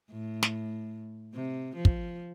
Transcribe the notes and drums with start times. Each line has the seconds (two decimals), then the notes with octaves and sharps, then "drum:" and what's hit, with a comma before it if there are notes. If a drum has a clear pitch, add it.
0.10 A2
0.43 drum: snare
1.34 C3
1.76 F3
1.85 drum: kick